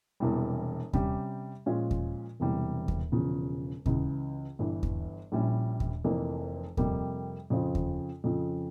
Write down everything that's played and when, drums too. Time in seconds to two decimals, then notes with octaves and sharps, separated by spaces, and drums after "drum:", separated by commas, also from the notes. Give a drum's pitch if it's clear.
0.20 E1 E2 C3 E3 G3
0.93 C3 G3 C#4 G4, drum: kick D#2
1.66 A#2 F3 G#3 C#4 F4
1.91 drum: kick D#2
2.40 E1 E2 C3 E3 G3
2.88 drum: kick D#2
3.12 E1 E2 C#3 F3
3.86 C#2 C#3 E3, drum: kick D#2
4.59 G1 G2 E3
4.83 drum: kick D#2
5.32 A#1 A#2 G3 C#4 E4
5.80 drum: kick D#2
6.05 F1 F2 E3 A#3
6.77 F2 C3 G3 A#3, drum: kick D#2
7.50 F2 C#3 F3 C4 F4
7.75 drum: kick D#2
8.24 F2 C#3 F3